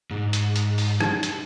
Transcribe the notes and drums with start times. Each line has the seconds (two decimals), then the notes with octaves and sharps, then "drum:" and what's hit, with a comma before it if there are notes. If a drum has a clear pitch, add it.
0.11 G#2
0.33 drum: hi-hat
0.56 drum: hi-hat
0.78 drum: open hi-hat
1.00 drum: rim click
1.23 drum: hi-hat